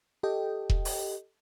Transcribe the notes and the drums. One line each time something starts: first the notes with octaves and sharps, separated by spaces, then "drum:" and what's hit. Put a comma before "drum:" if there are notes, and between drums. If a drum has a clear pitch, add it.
G4 A4 D#5 G5
drum: kick E1
drum: open hi-hat